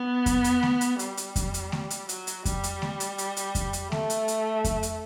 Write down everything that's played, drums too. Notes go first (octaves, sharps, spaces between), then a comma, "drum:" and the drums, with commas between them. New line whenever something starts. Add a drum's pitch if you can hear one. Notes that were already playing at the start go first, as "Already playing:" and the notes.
Already playing: B3
drum: kick F2, hi-hat
drum: hi-hat
drum: snare A3
drum: hi-hat
G3, drum: hi-hat
drum: hi-hat
drum: kick F2, hi-hat
drum: hi-hat
drum: snare A3
drum: hi-hat
F#3, drum: hi-hat
drum: hi-hat
G3, drum: kick F2, hi-hat
drum: hi-hat
drum: snare A3
drum: hi-hat
drum: hi-hat
drum: hi-hat
drum: kick F2, hi-hat
drum: hi-hat
A3, drum: snare A3
drum: hi-hat
drum: hi-hat
drum: kick F2, hi-hat
drum: hi-hat